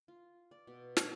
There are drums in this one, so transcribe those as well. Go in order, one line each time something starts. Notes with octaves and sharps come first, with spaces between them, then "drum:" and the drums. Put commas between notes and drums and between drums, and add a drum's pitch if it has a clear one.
F4
D5
B2
drum: snare